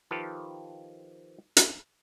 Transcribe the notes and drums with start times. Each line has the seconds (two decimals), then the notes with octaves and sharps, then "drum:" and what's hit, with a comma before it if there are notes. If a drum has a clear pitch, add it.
0.11 D#3 F3 G4 A4 B4 A5
1.57 drum: hi-hat